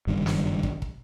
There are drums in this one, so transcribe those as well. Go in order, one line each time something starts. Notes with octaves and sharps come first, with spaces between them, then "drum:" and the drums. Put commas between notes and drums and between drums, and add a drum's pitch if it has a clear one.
F#1 G2 D#3
drum: snare
drum: kick
drum: kick